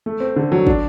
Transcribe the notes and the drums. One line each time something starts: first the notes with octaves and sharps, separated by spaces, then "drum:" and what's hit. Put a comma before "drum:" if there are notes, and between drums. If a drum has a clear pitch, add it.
A3
C4
D3
F#3
D4, drum: kick